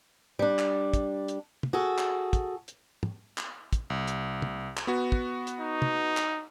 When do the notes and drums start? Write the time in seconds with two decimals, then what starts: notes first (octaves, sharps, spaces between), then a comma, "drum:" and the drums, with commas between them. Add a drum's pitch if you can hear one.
0.39 G3 D4
0.59 drum: clap
0.94 drum: kick, hi-hat
1.28 drum: hi-hat
1.63 drum: tom
1.73 F#4 G#4 A4
1.98 drum: clap
2.33 drum: kick, hi-hat
2.68 drum: hi-hat
3.03 drum: tom
3.38 drum: clap
3.73 drum: kick, hi-hat
3.90 C2
4.07 drum: hi-hat
4.42 drum: tom
4.77 drum: clap
4.87 B3 F#4
5.12 drum: kick
5.47 drum: hi-hat
5.60 D#4
5.82 drum: tom
6.17 drum: clap